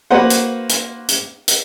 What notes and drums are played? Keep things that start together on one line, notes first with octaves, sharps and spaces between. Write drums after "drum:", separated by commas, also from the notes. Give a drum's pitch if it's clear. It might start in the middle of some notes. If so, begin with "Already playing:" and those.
A#3 F#4 B4 C5 F#5
drum: hi-hat
drum: hi-hat
drum: hi-hat
drum: hi-hat